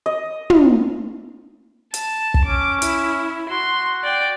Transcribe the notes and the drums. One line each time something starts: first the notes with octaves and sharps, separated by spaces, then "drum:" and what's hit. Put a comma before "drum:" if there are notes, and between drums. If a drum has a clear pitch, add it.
D#5
drum: tom
A5, drum: hi-hat
drum: kick
C#4 D6
E4, drum: hi-hat
F#4 C6
D5 G5